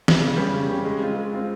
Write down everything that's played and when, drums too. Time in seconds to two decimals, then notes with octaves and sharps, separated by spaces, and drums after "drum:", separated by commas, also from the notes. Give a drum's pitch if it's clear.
0.08 drum: snare
0.21 C#3
0.37 G3 C#4 G4
0.53 C#3
0.70 G3 C#4 G4
0.85 G#3
1.01 C4 F4
1.17 G#3
1.33 C4 F4